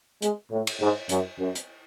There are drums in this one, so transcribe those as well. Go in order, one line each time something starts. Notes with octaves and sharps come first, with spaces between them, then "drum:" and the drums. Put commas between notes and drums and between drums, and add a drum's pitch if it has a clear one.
G#3, drum: hi-hat
A2
drum: cymbal
G#2
F#2, drum: hi-hat
F#2
drum: hi-hat